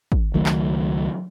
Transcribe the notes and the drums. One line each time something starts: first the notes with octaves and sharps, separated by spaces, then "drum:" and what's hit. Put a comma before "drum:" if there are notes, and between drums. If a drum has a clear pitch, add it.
drum: kick
C#2 D#3 F#3 A3
drum: clap